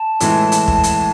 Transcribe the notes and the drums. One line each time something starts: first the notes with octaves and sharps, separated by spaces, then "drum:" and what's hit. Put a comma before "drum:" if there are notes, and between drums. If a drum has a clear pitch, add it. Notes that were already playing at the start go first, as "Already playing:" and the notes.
Already playing: A5
A2 E3 G#3, drum: hi-hat
drum: hi-hat
drum: kick
drum: hi-hat